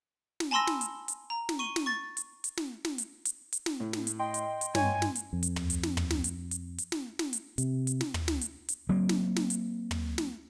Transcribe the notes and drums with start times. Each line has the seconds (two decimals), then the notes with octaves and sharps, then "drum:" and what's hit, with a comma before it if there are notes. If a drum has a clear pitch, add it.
0.40 drum: snare
0.51 G#5 A5 B5 C6 E6 A#6
0.67 drum: snare
0.81 drum: hi-hat
1.08 drum: hi-hat
1.30 A#5
1.49 drum: snare
1.59 C#6 D#7 G7
1.76 drum: snare
1.86 C#6 A6
2.17 drum: hi-hat
2.44 drum: hi-hat
2.57 drum: snare
2.85 drum: snare
2.98 drum: hi-hat
3.25 drum: hi-hat
3.52 drum: hi-hat
3.66 drum: snare
3.80 A2
3.93 drum: snare
4.07 drum: hi-hat
4.19 D#5 G5 C6
4.34 drum: hi-hat
4.61 drum: hi-hat
4.75 G2 C#5 G#5, drum: snare
5.02 drum: snare
5.15 drum: hi-hat
5.33 F2
5.43 drum: hi-hat
5.56 drum: tom
5.70 drum: hi-hat
5.83 drum: snare
5.97 drum: tom
6.11 drum: snare
6.24 drum: hi-hat
6.51 drum: hi-hat
6.78 drum: hi-hat
6.92 drum: snare
7.19 drum: snare
7.33 drum: hi-hat
7.58 C3, drum: hi-hat
7.87 drum: hi-hat
8.01 drum: snare
8.14 drum: tom
8.28 drum: snare
8.41 drum: hi-hat
8.69 drum: hi-hat
8.89 F#3 A#3 C4
9.09 drum: snare
9.36 drum: snare
9.50 drum: hi-hat
9.91 drum: tom
10.18 drum: snare